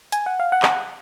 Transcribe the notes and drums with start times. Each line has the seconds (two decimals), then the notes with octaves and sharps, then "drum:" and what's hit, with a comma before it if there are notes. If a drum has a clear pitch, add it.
0.12 G#5, drum: hi-hat
0.26 F#5
0.40 F5
0.52 F#5
0.62 drum: clap